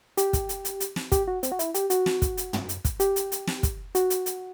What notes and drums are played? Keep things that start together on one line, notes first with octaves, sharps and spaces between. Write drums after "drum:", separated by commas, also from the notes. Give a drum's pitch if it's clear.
G4, drum: hi-hat
drum: kick, hi-hat
drum: hi-hat
drum: hi-hat
drum: hi-hat
drum: snare
G4, drum: kick, hi-hat
F#4
C4, drum: hi-hat
F#4
E4, drum: hi-hat
G4, drum: hi-hat
F#4, drum: hi-hat
drum: snare
drum: kick, hi-hat
drum: hi-hat
drum: tom
drum: hi-hat
drum: kick, hi-hat
G4, drum: hi-hat
drum: hi-hat
drum: hi-hat
drum: snare
drum: kick, hi-hat
F#4, drum: hi-hat
drum: hi-hat
drum: hi-hat